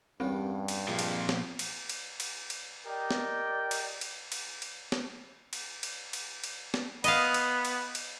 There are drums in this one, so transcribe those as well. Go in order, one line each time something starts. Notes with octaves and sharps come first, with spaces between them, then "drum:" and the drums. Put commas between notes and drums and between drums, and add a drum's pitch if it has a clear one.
E2 G2 G3 C4 C#4 G4
drum: cymbal
A#2 F3 G#3
drum: cymbal
drum: snare B3
drum: cymbal
drum: cymbal
drum: cymbal
drum: cymbal
G4 A#4 D5 D#5 G5
drum: snare B3
drum: cymbal
drum: cymbal
drum: cymbal
drum: cymbal
drum: snare B3
drum: cymbal
drum: cymbal
drum: cymbal
drum: cymbal
drum: snare B3
B3 D#5 F5, drum: cymbal
drum: cymbal
drum: cymbal
drum: cymbal